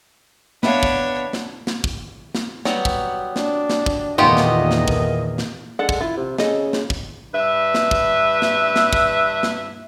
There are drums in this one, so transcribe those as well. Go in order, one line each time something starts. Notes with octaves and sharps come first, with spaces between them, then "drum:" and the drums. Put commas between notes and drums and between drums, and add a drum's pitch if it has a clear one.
B3 D4 C#5 E5 F5, drum: snare
drum: kick
drum: snare
drum: snare
drum: kick
drum: snare
F#3 G3 B3, drum: snare
drum: kick
D4, drum: snare
drum: snare
drum: kick
E2 A#2 D#3 A3 B3 F4 G4 D#5
drum: snare
drum: snare
drum: kick
drum: snare
G#3 D4 A4 F#5
drum: kick
E4 F4
C3
C#3 A4 D#5 G#5, drum: snare
drum: snare
drum: kick
G2 B4 E5
drum: snare
drum: kick
drum: snare
drum: snare
drum: kick
drum: snare